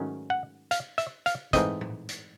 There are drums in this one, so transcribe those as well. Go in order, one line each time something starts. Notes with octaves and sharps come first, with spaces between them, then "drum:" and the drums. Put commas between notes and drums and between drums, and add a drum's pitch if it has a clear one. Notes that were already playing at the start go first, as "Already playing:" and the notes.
Already playing: G#2 D#3 F#3 A3 C#4
F#5
F5, drum: hi-hat
E5, drum: hi-hat
F5, drum: hi-hat
G#2 E3 A3 C4 D#5, drum: kick, hi-hat
drum: tom
drum: hi-hat